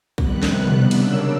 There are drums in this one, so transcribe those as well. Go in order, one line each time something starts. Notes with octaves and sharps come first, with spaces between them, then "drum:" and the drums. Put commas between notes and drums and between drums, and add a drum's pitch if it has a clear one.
F2 C3 D#3 G3 B3 F#6, drum: kick B1
drum: snare
drum: tom
C#3 F#3 A#3 D4 E6, drum: cymbal